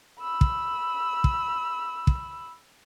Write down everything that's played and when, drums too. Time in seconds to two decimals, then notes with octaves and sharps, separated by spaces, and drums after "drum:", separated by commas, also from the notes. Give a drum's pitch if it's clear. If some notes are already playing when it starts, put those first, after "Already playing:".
0.20 B5 E6
0.41 drum: kick
1.24 drum: kick
2.07 drum: kick